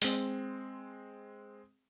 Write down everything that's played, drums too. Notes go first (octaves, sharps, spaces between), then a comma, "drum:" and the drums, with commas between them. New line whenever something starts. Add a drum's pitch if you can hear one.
G#3 C4, drum: open hi-hat